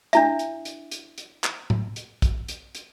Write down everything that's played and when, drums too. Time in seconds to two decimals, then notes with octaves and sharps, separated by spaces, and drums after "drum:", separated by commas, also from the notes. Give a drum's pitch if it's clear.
0.13 D4 E4 E5, drum: hi-hat
0.39 drum: hi-hat
0.65 drum: hi-hat
0.92 drum: hi-hat
1.18 drum: hi-hat
1.44 drum: clap
1.70 drum: tom
1.96 drum: hi-hat
2.22 drum: kick, hi-hat
2.48 drum: hi-hat
2.75 drum: hi-hat